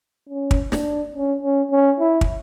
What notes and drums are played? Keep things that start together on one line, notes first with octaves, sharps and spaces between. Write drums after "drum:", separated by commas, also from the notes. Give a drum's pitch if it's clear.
C#4
drum: kick
D4, drum: snare
C#4
C#4
C#4
E4
drum: kick